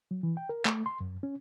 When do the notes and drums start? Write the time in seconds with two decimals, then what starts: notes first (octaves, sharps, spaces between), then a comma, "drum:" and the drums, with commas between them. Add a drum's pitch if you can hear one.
0.11 F#3
0.23 E3
0.37 G5
0.49 A#4
0.65 A3, drum: clap
0.86 C6
1.01 F#2
1.23 C#4